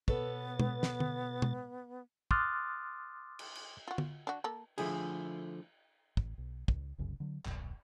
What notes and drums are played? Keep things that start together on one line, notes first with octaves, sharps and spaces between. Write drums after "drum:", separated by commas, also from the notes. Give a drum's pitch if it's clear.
B2 B3 A4 B4 C#5 A6, drum: kick
drum: tom B2
drum: snare
drum: tom
drum: tom B2
C6 D6 D#6 F6 F#6 A6, drum: kick
drum: cymbal
drum: cymbal
F4 F#4
drum: tom
D4 F#4
A#3 A4
D3 F3 A3 E4 G#4, drum: cymbal
A1, drum: kick
B1
C#2, drum: kick
F1 C2 F#2 C#3
D3 F#3
D#1 B1 F#2, drum: clap